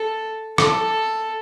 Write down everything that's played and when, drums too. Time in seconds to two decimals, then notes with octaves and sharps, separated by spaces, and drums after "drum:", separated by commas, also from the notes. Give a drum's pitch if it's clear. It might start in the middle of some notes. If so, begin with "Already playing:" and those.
Already playing: A4
0.58 A4, drum: rim click